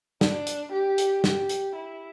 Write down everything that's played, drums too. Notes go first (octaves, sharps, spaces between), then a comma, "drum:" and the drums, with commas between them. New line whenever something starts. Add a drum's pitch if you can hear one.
D4, drum: snare
drum: hi-hat
G4
drum: hi-hat
G4, drum: snare
drum: hi-hat
E4